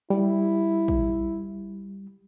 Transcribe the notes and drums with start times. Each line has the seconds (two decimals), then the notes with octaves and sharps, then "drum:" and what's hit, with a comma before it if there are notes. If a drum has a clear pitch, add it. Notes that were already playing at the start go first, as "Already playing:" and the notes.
0.10 G3 E4, drum: tambourine
0.88 drum: kick